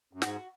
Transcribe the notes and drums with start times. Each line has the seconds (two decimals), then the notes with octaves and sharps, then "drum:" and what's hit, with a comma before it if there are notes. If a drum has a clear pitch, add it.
0.13 F#2
0.22 G#2 F#4, drum: snare